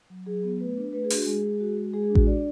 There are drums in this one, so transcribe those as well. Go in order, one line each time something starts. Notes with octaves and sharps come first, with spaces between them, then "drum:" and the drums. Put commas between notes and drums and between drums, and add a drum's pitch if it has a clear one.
F#3
F#3 G#4
B3
A3 B4
D4
A3 B4
G#4
D4 F#4, drum: open hi-hat
G#3 G#4
G#3
F#4
G#3
G#3 G#4
G#4
D4
F#4, drum: kick A1
D4 D5